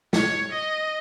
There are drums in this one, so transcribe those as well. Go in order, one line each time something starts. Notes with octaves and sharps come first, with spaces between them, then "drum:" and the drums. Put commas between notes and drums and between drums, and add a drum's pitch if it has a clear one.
C#5, drum: snare
D#5